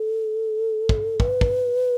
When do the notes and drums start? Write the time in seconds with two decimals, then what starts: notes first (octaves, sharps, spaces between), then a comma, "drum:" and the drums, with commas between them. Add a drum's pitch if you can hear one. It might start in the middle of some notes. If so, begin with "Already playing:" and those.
Already playing: A4
0.89 drum: kick
1.20 B4, drum: kick
1.41 drum: kick